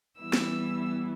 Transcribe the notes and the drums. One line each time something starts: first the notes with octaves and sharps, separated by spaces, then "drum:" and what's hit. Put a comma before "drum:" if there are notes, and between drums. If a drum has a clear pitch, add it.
E3 G3 B3 E4 E6
drum: snare